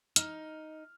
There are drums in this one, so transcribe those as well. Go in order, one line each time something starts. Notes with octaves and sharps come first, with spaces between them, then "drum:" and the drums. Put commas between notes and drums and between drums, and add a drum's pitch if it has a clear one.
D#4 F6, drum: hi-hat